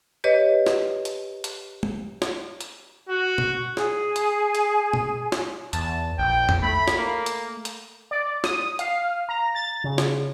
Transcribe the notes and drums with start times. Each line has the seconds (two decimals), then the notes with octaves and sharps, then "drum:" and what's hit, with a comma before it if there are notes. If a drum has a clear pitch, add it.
0.24 G4 B4 C#5 D#5
0.66 drum: snare
1.05 drum: hi-hat
1.44 drum: hi-hat
1.83 drum: tom
2.22 drum: snare
2.61 drum: hi-hat
3.09 F#4
3.38 drum: tom
3.77 G#4 G#5, drum: snare
4.16 drum: hi-hat
4.55 drum: hi-hat
4.93 drum: tom
5.32 drum: snare
5.73 E2 A5, drum: hi-hat
6.18 A#1 G5
6.49 drum: tom E2
6.63 A3 B5
6.88 drum: snare
6.98 A#3
7.26 drum: hi-hat
7.65 drum: hi-hat
8.11 D5
8.44 D#6, drum: snare
8.79 F5, drum: hi-hat
9.29 A#5
9.55 A6
9.84 C#3
9.98 drum: snare